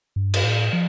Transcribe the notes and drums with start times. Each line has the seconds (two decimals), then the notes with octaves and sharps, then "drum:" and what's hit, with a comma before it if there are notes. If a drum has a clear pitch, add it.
0.16 G2
0.34 drum: cymbal
0.44 A2
0.73 F3